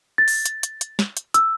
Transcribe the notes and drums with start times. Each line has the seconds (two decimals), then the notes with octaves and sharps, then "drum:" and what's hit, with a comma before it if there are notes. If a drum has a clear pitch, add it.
0.18 A6
0.28 drum: open hi-hat
0.45 drum: hi-hat
0.63 drum: hi-hat
0.81 drum: hi-hat
0.99 drum: snare
1.17 drum: hi-hat
1.34 E6, drum: hi-hat